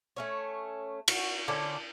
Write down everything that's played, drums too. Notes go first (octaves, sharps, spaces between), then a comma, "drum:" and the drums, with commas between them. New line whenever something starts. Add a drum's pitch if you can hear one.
A3 C#4 C#5
F#4, drum: cymbal
D3 A3 C#4 D4